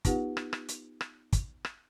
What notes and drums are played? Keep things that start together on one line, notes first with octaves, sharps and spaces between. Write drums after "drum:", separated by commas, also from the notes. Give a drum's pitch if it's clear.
B3 D#4 F4 G4 B4 F#5, drum: kick, hi-hat
drum: rim click
drum: rim click
drum: hi-hat
drum: rim click
drum: kick, hi-hat
drum: rim click